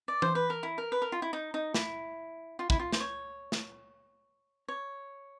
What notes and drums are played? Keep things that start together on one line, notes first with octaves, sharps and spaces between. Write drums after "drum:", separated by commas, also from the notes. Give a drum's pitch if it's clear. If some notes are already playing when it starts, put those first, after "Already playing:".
D5
C5, drum: tom E3
B4
A#4
E4
A#4
B4
A#4
F4
E4
D#4
D#4
E4, drum: snare
F4
E4, drum: kick
F4
C5, drum: snare
C#5
drum: snare
C#5